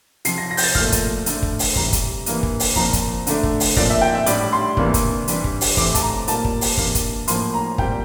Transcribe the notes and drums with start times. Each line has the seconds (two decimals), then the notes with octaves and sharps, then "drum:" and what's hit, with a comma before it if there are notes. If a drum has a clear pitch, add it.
0.25 C3 F3 C4 C7, drum: hi-hat
0.38 A#6
0.51 A#6
0.57 G6, drum: open hi-hat
0.64 A6
0.75 A#2 F3 A3 F6, drum: kick
0.92 drum: kick, hi-hat
1.26 D3 A3 D4, drum: hi-hat
1.42 drum: kick
1.59 drum: open hi-hat
1.76 C3 E3 G3 A#5, drum: kick
1.93 drum: kick, hi-hat
2.26 E3 A#3 D4, drum: hi-hat
2.43 drum: kick
2.60 drum: open hi-hat
2.76 A#2 F3 C4 A#5, drum: kick
2.93 drum: kick, hi-hat
3.27 D3 A3 D4, drum: hi-hat
3.43 drum: kick
3.60 drum: open hi-hat
3.77 A#2 F3 C4 D5, drum: kick
3.90 E5
4.02 G5
4.15 E5
4.26 A2 G3 D4 D5, drum: hi-hat
4.53 C6
4.77 C3 E3 A#3 D4, drum: kick
4.94 drum: kick, hi-hat
5.28 E3 G3 D4, drum: hi-hat
5.44 drum: kick
5.61 drum: open hi-hat
5.77 E3 A3 C4 D6, drum: kick
5.95 A5, drum: kick, hi-hat
6.02 A#5
6.28 A#2 G3 A#3 A5, drum: hi-hat
6.45 drum: kick
6.61 drum: open hi-hat
6.77 E3 A#3 D4, drum: kick
6.95 drum: kick, hi-hat
7.28 A2 F3 A#3 C6, drum: hi-hat
7.54 A#5
7.78 A#2 G3 C4 G5, drum: kick